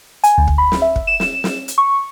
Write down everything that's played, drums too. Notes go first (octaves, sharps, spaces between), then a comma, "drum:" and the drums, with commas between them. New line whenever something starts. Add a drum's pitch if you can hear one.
G#5, drum: hi-hat
D2
drum: kick
B5
drum: snare
E5
drum: kick
E7
drum: snare
drum: snare
drum: hi-hat
C#6